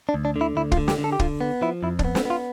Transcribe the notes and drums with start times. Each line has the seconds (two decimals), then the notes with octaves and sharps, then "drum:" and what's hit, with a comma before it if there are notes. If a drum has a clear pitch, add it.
0.09 D4
0.14 D2
0.25 D4
0.36 D3
0.41 E4
0.56 D2 E4
0.72 F4, drum: kick
0.77 D3
0.88 G4, drum: snare
0.98 D3
1.04 A4
1.12 G4
1.19 D3 F4, drum: kick
1.41 B3
1.62 F3 E4
1.83 F2 E4
1.99 D4, drum: kick
2.05 B3
2.15 C4, drum: snare
2.25 B3 F4